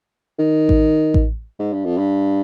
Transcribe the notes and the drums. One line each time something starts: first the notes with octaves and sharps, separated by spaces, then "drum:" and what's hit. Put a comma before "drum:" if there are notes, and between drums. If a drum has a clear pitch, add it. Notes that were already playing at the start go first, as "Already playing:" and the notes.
D#3
drum: kick A1
drum: kick A1
G#2
G2
F2
G2